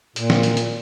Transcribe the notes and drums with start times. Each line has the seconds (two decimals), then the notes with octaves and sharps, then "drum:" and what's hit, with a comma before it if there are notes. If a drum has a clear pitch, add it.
0.16 A#2, drum: hi-hat
0.30 drum: snare
0.43 drum: hi-hat
0.57 drum: hi-hat